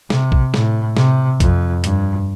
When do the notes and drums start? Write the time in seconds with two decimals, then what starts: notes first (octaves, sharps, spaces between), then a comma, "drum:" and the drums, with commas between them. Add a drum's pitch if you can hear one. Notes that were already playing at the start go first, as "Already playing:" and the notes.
0.10 C3, drum: snare
0.32 drum: kick A#1
0.54 A2, drum: snare
0.97 C3, drum: snare
1.40 F2, drum: kick A#1, hi-hat
1.84 G2, drum: hi-hat